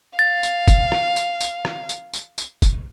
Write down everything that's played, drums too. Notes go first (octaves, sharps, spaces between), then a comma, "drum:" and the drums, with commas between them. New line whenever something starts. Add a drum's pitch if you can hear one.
F5 A6
drum: tambourine
drum: kick, tambourine
drum: rim click
drum: tambourine
drum: tambourine
drum: rim click
drum: tambourine
drum: tambourine
drum: tambourine
drum: kick, tambourine